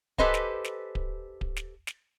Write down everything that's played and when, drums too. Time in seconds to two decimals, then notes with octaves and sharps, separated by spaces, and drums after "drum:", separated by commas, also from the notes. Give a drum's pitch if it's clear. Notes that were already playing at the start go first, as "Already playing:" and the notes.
0.18 G4 A4 B4 C5 D#5 G#5, drum: kick D1
0.34 drum: snare
0.64 drum: snare
0.95 drum: kick D1
1.41 drum: kick D1
1.56 drum: snare
1.87 drum: snare